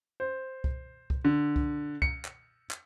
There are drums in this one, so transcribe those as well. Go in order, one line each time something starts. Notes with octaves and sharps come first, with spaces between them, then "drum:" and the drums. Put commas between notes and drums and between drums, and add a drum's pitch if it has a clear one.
C5
drum: kick C2
drum: kick C2
D3
drum: kick C2
C#7, drum: kick C2
drum: clap
drum: clap